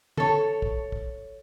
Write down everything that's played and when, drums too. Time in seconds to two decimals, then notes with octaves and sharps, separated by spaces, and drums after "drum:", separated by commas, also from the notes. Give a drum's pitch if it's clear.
0.17 A4 C#5, drum: tom
0.62 drum: kick
0.92 drum: kick